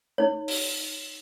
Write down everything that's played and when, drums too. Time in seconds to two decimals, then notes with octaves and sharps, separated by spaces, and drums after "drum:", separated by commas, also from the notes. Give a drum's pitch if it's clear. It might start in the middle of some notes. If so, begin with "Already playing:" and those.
0.18 D#4 C#5
0.48 drum: open hi-hat